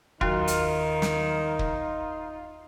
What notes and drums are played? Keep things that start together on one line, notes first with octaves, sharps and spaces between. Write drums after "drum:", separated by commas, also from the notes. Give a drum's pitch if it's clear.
D#2 D#3 F#3 D#4 F4 F#4, drum: kick
drum: hi-hat
drum: snare
drum: kick